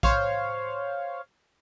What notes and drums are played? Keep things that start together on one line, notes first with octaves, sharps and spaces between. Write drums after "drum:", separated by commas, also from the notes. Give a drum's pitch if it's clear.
C5 C#5 F5, drum: kick A#1